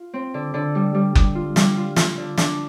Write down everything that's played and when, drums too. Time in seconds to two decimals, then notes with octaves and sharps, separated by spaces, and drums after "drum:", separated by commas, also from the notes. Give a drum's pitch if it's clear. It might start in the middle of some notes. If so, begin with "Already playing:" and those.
Already playing: F4
0.14 C4
0.34 D3
0.54 D3
0.75 G3
0.95 G3
1.15 G3, drum: kick F#1
1.35 F4
1.56 G3, drum: snare
1.77 F4
1.96 F4, drum: snare
2.17 D3
2.38 D4, drum: snare